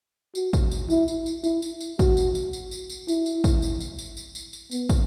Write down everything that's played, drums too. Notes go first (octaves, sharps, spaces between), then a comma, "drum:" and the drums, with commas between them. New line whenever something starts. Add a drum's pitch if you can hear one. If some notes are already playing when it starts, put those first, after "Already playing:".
F#4, drum: tambourine
drum: kick, tambourine
drum: tambourine
E4, drum: tambourine
drum: tambourine
drum: tambourine
E4, drum: tambourine
drum: tambourine
drum: tambourine
F#4, drum: kick, tambourine
drum: tambourine
drum: tambourine
drum: tambourine
drum: tambourine
drum: tambourine
E4, drum: tambourine
drum: tambourine
drum: kick, tambourine
drum: tambourine
drum: tambourine
drum: tambourine
drum: tambourine
drum: tambourine
drum: tambourine
B3, drum: tambourine
drum: kick, tambourine